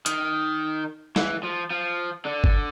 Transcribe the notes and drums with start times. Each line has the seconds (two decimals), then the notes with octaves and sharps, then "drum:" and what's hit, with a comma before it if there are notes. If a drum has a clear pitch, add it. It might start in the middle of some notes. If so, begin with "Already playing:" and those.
0.06 D#3, drum: hi-hat
1.16 E3, drum: snare
1.43 F3
1.71 F3
2.25 D3
2.44 drum: kick